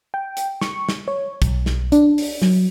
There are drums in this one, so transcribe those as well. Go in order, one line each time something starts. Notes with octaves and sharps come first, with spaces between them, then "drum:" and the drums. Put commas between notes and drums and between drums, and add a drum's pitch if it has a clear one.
G5
drum: hi-hat
C#6, drum: snare
drum: snare
C#5
B1, drum: kick, hi-hat
drum: snare
D4, drum: hi-hat
drum: open hi-hat
F#3, drum: snare